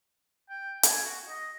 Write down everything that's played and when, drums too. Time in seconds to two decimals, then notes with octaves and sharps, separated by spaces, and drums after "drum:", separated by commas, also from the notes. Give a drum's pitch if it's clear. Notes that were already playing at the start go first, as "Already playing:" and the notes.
0.49 G5
0.83 G#5, drum: hi-hat
1.04 F#4
1.27 D#5